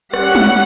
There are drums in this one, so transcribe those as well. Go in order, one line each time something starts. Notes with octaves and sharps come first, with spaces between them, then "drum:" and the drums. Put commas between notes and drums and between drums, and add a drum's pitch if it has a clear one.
G3 C#4 F#5, drum: rim click
drum: tom G3